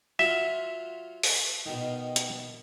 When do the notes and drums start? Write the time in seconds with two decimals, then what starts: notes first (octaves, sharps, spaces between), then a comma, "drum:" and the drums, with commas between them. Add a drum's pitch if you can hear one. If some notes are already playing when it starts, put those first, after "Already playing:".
0.19 F#3 F4 F#4 E5
1.23 drum: open hi-hat
1.66 B2 D#3
2.16 drum: hi-hat